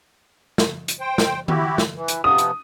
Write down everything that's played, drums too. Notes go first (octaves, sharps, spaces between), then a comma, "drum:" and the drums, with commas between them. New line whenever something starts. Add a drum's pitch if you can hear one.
drum: snare
drum: hi-hat
C5 G5
drum: snare
E4 F#4 G4, drum: tom D#3
drum: snare
E3
drum: hi-hat
C3 F3 B3 D#6
drum: hi-hat